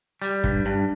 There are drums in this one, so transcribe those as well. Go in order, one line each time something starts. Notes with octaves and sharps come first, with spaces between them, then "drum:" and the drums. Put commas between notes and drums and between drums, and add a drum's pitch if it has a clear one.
G3, drum: hi-hat
G2, drum: kick
G2